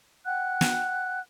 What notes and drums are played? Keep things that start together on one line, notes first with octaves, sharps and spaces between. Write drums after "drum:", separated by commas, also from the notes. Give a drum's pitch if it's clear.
F#5 G5 F#6
drum: snare